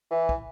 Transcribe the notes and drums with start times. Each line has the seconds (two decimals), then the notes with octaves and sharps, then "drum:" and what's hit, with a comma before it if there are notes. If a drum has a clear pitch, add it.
0.12 E3
0.29 drum: kick